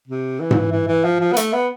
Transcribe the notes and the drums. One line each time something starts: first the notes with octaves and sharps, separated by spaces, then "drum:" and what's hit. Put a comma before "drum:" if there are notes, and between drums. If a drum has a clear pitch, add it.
C3
E3
drum: tom G#2
E3
E3
F3
F3
B3
A3, drum: hi-hat
B3